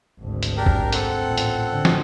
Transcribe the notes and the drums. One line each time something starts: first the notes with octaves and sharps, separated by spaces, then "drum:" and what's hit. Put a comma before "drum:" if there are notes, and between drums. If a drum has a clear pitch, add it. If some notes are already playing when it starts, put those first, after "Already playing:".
G#1 D2
drum: hi-hat
D4 G4 A#4
drum: kick
C4 A4 F#5, drum: hi-hat
A1 A#2
drum: hi-hat
D3
drum: snare